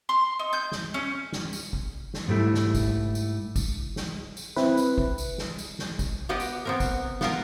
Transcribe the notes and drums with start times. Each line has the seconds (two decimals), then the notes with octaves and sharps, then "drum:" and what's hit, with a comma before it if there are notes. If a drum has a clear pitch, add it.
0.09 C6
0.39 D#4
0.53 G6
0.72 drum: snare
0.94 C#4
1.33 drum: snare
1.53 drum: tambourine
1.73 drum: kick
2.14 drum: snare
2.28 G#2 G3 A3 E4
2.54 drum: snare
2.75 drum: kick, tambourine
3.15 drum: tambourine
3.56 drum: kick, tambourine
3.96 drum: snare
4.37 drum: tambourine
4.56 C4 E4 B4, drum: snare
4.77 drum: tambourine
4.98 drum: kick
5.18 drum: tambourine
5.38 drum: snare
5.59 drum: tambourine
5.79 drum: snare
5.99 drum: kick, tambourine
6.29 B3 G4 B4 D#5
6.40 drum: tambourine
6.65 B3 C4 A#4
6.80 drum: kick, tambourine
7.21 B3 F4 A#4, drum: snare